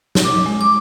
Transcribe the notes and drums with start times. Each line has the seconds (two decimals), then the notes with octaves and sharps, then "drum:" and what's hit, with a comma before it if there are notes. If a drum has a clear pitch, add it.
0.15 drum: snare
0.24 D6
0.46 G#3
0.61 D6